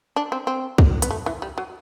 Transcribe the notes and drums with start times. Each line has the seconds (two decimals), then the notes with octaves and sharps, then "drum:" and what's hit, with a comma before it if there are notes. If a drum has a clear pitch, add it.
0.16 D4
0.32 C4
0.47 C4
0.78 drum: kick
1.02 B3, drum: hi-hat
1.11 A3
1.26 E3
1.42 G3
1.58 F#3